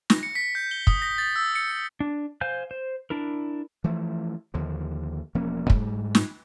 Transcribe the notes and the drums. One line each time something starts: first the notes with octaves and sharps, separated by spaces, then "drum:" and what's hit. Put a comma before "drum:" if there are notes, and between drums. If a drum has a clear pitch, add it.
A#6, drum: snare
C#7
B6
G6
G7
D#6, drum: kick
A#6
A6
E6
C#7
C#7
D4
C5 F5 G#5 G6
C5
D4 E4 A#4
E3 F3 A3
D#2 D3 F3
E1 F3 A#3 C#4
G#2 G3, drum: kick
drum: snare